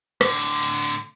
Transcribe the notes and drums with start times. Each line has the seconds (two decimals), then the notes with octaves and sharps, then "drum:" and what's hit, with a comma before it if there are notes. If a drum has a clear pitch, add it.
0.21 A2 D3, drum: rim click
0.42 drum: hi-hat
0.63 drum: hi-hat
0.84 drum: hi-hat